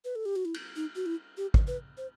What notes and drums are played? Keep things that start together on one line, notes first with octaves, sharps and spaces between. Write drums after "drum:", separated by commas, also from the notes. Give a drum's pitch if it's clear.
B4
A4
G4
F#4
E4
drum: cymbal
D#4
F#4
E4
G4
drum: kick
B4
C5